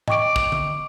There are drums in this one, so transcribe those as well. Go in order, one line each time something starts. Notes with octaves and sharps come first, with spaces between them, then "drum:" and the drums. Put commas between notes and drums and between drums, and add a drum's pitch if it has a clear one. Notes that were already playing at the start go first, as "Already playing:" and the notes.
D#5 G5 C#6 D6 D7, drum: tom G#2
drum: kick
drum: tom D3